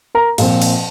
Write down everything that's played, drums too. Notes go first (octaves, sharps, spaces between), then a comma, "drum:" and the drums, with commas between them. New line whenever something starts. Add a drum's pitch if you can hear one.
A#4 A#5
A#2 F3 C4, drum: cymbal
drum: cymbal